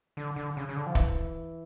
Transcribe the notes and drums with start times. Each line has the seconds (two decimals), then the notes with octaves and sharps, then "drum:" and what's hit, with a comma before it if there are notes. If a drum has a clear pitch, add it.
0.17 D3
0.36 D3
0.57 C#3
0.69 C#3
0.76 D3
0.86 F3
0.95 E3, drum: kick